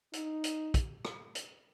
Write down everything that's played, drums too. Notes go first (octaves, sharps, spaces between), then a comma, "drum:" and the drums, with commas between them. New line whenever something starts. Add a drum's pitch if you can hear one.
D#4, drum: hi-hat
drum: hi-hat
drum: kick, hi-hat
drum: rim click
drum: hi-hat